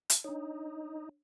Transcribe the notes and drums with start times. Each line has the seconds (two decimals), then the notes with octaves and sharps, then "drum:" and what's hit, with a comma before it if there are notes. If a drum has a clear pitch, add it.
0.10 drum: hi-hat
0.24 D4 D#4 C#5